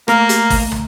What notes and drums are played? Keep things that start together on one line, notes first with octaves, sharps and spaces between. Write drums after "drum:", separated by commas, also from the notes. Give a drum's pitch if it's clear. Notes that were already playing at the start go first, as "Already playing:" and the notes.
A3 A#3 A#5 F6, drum: rim click
drum: hi-hat
drum: kick, open hi-hat
drum: tom